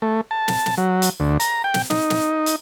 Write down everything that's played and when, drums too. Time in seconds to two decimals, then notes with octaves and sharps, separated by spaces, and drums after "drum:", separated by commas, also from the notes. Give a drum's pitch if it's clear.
0.02 A3
0.31 A5
0.48 drum: snare
0.66 drum: snare
0.78 F#3
1.02 drum: hi-hat
1.20 D2
1.40 A#5, drum: hi-hat
1.64 G5
1.74 drum: snare
1.90 D#4, drum: snare
2.10 drum: snare
2.46 drum: hi-hat